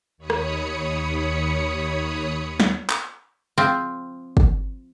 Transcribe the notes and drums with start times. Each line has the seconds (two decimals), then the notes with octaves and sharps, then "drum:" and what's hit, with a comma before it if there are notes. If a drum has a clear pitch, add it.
0.18 D#2 C#5 B5 D#6 C#7
0.30 drum: rim click
2.60 drum: snare
2.89 drum: clap
3.58 F3 C4
4.37 drum: kick